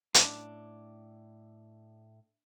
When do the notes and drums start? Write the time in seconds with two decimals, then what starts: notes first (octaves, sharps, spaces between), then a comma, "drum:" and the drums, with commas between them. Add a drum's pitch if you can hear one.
0.14 A2 D4, drum: hi-hat